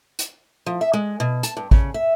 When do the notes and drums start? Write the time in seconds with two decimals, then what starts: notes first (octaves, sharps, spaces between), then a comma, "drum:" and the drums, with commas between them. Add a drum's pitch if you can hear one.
0.19 drum: hi-hat
0.66 F3
0.81 E5
0.93 G#3
1.20 B2
1.43 A5, drum: hi-hat
1.57 G2
1.71 C#3, drum: kick
1.94 E5